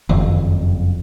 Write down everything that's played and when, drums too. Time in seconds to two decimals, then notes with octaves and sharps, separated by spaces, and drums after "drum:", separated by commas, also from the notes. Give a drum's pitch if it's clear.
0.09 F#1 F2, drum: tom D#3